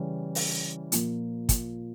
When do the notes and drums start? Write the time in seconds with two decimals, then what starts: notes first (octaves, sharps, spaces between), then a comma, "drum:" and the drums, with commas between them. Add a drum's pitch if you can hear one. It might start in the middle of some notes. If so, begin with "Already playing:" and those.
Already playing: C#3 E3 G3 C#4
0.35 drum: open hi-hat
0.92 A#2 F3 A#3, drum: hi-hat
1.49 drum: kick, hi-hat